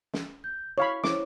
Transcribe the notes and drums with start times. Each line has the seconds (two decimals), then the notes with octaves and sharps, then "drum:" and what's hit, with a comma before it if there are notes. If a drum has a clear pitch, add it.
0.13 drum: snare
0.44 G6
0.78 E4 C#5 F5 B5
1.04 E4 C5 C#5 D6, drum: snare